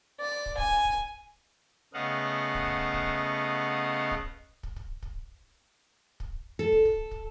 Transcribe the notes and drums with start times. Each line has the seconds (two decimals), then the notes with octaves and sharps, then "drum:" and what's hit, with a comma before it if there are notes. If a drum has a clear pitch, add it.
0.20 D5
0.46 drum: kick
0.58 G#5, drum: kick
0.85 drum: kick
1.94 C#3 A3 B3 D#5 F5 F#5
2.55 drum: kick
2.68 drum: kick
2.94 drum: kick
4.11 drum: kick
4.63 drum: kick
4.76 drum: kick
5.03 drum: kick
6.20 drum: kick
6.59 A4
6.72 drum: kick
6.85 drum: kick
7.11 drum: kick